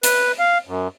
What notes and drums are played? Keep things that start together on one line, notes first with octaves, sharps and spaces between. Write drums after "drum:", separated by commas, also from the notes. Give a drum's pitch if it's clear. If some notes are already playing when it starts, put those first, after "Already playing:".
B4, drum: hi-hat
F5
F#2